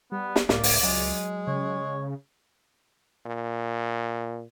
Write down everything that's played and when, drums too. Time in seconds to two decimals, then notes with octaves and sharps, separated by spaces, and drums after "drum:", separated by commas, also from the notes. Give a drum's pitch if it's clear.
0.12 G3 B3
0.36 drum: snare
0.49 C#2 A2 A#3 D5, drum: snare
0.64 drum: open hi-hat
0.83 F#3 G#3
1.47 C#3 C#5
3.26 A#2